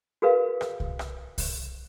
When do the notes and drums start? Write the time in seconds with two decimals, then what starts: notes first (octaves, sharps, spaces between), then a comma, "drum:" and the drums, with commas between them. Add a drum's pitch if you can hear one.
0.22 F#4 G#4 A#4 B4 F5
0.61 drum: rim click
0.80 drum: kick C2
0.99 drum: rim click
1.38 drum: kick C2, open hi-hat